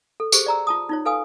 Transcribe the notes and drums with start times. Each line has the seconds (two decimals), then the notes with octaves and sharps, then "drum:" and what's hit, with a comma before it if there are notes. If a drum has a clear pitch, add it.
0.20 A4
0.32 G4 G#4 C5 C#6, drum: tambourine
0.46 D5 A#5 E6
0.67 F4 A5 D#6
0.89 D#4 F4 C#5
1.05 A4 B4 F5 G#5 D#6